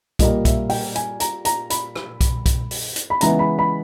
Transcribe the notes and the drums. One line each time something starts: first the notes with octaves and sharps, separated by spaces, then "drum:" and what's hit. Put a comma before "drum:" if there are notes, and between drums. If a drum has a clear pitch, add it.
A#2 G3 A#3 D#5, drum: kick B1, hi-hat
E5, drum: kick B1, hi-hat
G5, drum: open hi-hat
G#5, drum: hi-hat
A#5, drum: hi-hat
A#5, drum: hi-hat
B5, drum: hi-hat
drum: rim click
drum: kick B1, hi-hat
drum: kick B1, hi-hat
drum: open hi-hat
drum: hi-hat
B5
C#3 E3 G#3 B3 A#5, drum: hi-hat
B5
B5